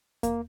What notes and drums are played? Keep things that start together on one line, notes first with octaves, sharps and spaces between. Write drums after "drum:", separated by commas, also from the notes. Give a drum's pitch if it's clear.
A#3, drum: kick E2, hi-hat